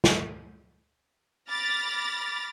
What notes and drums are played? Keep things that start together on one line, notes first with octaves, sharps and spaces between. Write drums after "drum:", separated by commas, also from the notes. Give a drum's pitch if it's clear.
drum: snare
B5 D6 F6 A6 A#6